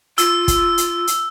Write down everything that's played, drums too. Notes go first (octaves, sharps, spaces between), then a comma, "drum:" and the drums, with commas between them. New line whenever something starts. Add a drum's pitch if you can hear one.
F4 E6, drum: hi-hat
drum: kick, hi-hat
drum: hi-hat
drum: hi-hat